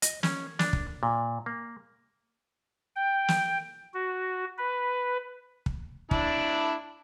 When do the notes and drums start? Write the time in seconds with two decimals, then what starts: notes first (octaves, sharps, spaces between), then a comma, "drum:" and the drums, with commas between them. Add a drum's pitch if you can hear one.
0.02 D#5, drum: hi-hat
0.23 C#4, drum: snare
0.59 D4, drum: snare
0.73 drum: kick
1.03 A#2
1.46 A#3
2.96 G5
3.28 drum: snare
3.94 F#4
4.58 B4
5.66 drum: kick
6.11 D4 E4 D5, drum: kick